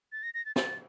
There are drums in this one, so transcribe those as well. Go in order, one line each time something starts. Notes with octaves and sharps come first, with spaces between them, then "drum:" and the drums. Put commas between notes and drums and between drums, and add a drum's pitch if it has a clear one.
A6
A#6
A#6
A6
A6, drum: snare